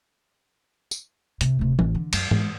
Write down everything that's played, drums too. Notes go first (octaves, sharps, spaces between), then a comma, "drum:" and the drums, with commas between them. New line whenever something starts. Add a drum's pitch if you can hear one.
drum: tambourine
C3, drum: hi-hat
D1 C3
A1, drum: tom E3
D3
F#2, drum: cymbal
G#2, drum: tom G#2